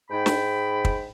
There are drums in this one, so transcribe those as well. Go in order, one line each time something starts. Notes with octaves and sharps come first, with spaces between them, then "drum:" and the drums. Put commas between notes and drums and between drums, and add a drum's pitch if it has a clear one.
G#2 G5 B5
drum: snare
drum: kick